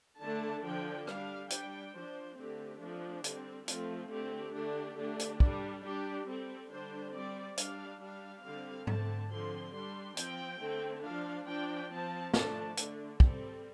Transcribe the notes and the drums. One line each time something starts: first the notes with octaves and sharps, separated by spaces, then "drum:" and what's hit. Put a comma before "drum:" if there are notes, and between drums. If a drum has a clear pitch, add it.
D3 A3 D4 A5
D3 F3 D4 G5
G3 D4 F5, drum: rim click
G3 D4 G5, drum: hi-hat
F3 D4 C5
D3 A3 C4 G4
F3 A3 C4 D4
D3 G3 C4, drum: hi-hat
F3 A3 C4 F4, drum: hi-hat
D3 A3 C4 G4
D3 A3 D4 G4
D3 A3 D4
drum: hi-hat
G3 D4, drum: kick
G3 D4 G4
G3 C4 A4
D3 G3 D4 C5
G3 C4 D5
G3 D4 F5, drum: hi-hat
G3 D4 F5
D3 G3 C4 F5
D3 A3 C4 A5, drum: tom G#2
D3 F3 C4 C6
G3 D4 C6
F3 C4 G5, drum: hi-hat
D3 A3 C4
F3 D4 F5
F3 D4 G5
F3 C4 A5
F3 A3 D4 A5, drum: snare
D3 A3 D4, drum: hi-hat
G3 C4 A4, drum: kick